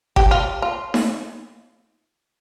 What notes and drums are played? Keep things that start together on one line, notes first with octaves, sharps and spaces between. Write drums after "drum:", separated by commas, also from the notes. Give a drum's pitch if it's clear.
G4, drum: kick G#1
F4
F4
drum: snare D#4